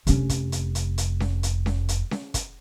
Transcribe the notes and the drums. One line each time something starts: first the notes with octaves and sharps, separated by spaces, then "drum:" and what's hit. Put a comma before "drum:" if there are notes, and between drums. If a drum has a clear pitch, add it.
F1 C#4, drum: hi-hat
drum: kick, hi-hat
drum: hi-hat
drum: hi-hat
drum: hi-hat
drum: snare C#4
drum: hi-hat
drum: snare C#4
drum: hi-hat
drum: snare C#4
drum: kick, hi-hat